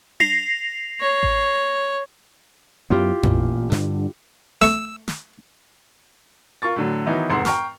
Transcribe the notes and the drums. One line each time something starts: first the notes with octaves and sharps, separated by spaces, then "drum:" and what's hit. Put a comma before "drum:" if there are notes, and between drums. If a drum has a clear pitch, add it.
A#6 C7 F7, drum: tom D4
C#5
drum: kick A1
F#2 F#3 B3 E4 F4 G4
A1 A#2, drum: tom F2
G2 D3, drum: snare
A3 C#6 E6, drum: snare
drum: snare
F4 A#4 C#6 A6
A2 D3 F#3
D#3 E3 F#3 B3 D#4 E4
F1 G#2 F#5 C6 C7
G5 A#5 C#6 F6, drum: snare